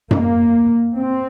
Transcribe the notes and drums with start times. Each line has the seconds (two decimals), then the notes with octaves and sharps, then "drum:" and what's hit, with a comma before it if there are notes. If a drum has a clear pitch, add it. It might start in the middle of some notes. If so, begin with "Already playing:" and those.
0.11 A#3, drum: tom F#2
0.95 C4